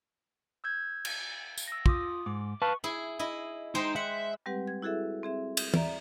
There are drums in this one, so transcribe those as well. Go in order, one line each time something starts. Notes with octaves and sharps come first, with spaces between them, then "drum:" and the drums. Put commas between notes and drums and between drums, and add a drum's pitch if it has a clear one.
E6 G6 G#6
drum: cymbal
drum: tambourine
E6 A#6
F4 D6 D#6, drum: kick
G#2 D6
B4 F5 A5 C#6
E4 G#4 G#5
E4 D#5
G#3 D#4 C5 G5
E5 F#5
G3 G#3 C4 G4 B4 F#5
G#6
E4 F#4 G#4 A4 E5
C4 G#4 E5
drum: cymbal
D5 E5 A#5, drum: tom